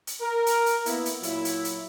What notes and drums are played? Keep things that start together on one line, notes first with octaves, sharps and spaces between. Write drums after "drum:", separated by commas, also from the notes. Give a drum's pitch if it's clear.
drum: hi-hat
A#4
drum: hi-hat
drum: hi-hat
A#3 B3 E4, drum: hi-hat
drum: hi-hat
A#2 F#3 E4, drum: hi-hat
drum: hi-hat
drum: hi-hat